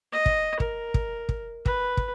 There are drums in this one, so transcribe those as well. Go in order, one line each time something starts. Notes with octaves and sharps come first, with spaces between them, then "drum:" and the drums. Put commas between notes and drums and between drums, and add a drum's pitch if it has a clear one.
D#5
drum: kick
A#4, drum: kick
drum: kick
drum: kick
B4, drum: kick
drum: kick